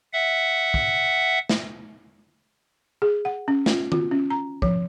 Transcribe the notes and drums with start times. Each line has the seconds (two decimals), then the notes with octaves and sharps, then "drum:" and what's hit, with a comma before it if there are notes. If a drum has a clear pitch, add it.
0.13 E5 F#5
0.74 drum: kick
1.49 drum: snare
3.02 G#4
3.25 F#5
3.48 C#4
3.66 F4, drum: snare
3.92 F4, drum: tom D#3
4.11 C#4
4.30 A#5
4.62 F3, drum: kick